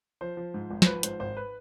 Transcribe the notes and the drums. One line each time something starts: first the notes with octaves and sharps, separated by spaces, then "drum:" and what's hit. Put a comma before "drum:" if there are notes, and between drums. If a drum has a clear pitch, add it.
F3 C5
F3
G#2
G#1
C5, drum: snare
F3 B4
G#2 C5, drum: hi-hat
G#1 C5
B4